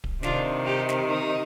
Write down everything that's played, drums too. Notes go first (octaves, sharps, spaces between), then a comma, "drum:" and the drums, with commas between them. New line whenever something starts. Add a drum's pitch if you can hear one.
drum: kick D1
C3 D#3 D4 F4, drum: snare
D#4 G4
drum: snare
D#4